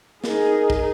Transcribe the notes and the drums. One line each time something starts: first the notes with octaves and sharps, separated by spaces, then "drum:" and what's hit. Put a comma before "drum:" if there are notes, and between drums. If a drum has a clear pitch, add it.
D#4 G#4 A#4, drum: snare
drum: kick